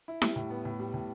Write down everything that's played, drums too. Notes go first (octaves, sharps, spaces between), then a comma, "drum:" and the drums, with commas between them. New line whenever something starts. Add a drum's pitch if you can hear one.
E4
G3, drum: snare E4
A2
B3
A2
G3
A2